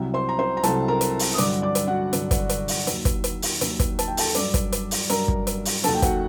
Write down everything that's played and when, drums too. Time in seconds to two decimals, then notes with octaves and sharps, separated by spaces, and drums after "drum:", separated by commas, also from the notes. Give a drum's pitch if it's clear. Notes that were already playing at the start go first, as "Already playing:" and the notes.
Already playing: C2 C3 F#3
0.14 C5 C6
0.29 A#5
0.39 C5 C6
0.57 A#5
0.63 C2 C3 F#3 A4 A5, drum: hi-hat
0.88 A#4 A#5
1.01 drum: hi-hat
1.19 drum: open hi-hat
1.34 D#6
1.38 G2 D3 F#3 D5 D6, drum: hi-hat
1.62 D5 D6
1.75 drum: hi-hat
1.87 F#4 F#5
2.13 G2 D3 F#3, drum: hi-hat
2.31 drum: kick, hi-hat
2.49 drum: hi-hat
2.68 drum: open hi-hat
2.87 D#2 D#3 F#3, drum: hi-hat
3.05 drum: kick, hi-hat
3.24 drum: hi-hat
3.42 drum: open hi-hat
3.61 D#2 D#3 F#3, drum: hi-hat
3.80 drum: kick, hi-hat
3.99 A5, drum: hi-hat
4.08 G5
4.17 A4 A5, drum: open hi-hat
4.35 G2 F#3 D5 D6, drum: hi-hat
4.54 drum: kick, hi-hat
4.72 drum: hi-hat
4.91 drum: open hi-hat
5.10 G2 F#3 A#4 A#5, drum: hi-hat
5.28 drum: kick
5.47 drum: hi-hat
5.65 drum: open hi-hat
5.84 D#2 D#3 F#3 A4 A5, drum: hi-hat
5.94 G5
6.02 F#4 F#5, drum: kick, hi-hat